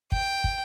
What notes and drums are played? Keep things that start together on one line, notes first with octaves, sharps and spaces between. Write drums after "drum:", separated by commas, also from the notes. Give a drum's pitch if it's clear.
G5, drum: kick
drum: kick